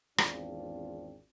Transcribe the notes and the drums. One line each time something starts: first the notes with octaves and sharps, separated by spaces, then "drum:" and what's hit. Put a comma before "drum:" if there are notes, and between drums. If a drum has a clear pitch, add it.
G#1 E2 C4 D4 F4, drum: rim click